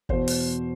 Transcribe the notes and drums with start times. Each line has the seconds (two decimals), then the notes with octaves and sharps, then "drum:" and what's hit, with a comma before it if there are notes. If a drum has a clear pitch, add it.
0.09 E2 B2 C5, drum: kick G1
0.28 drum: open hi-hat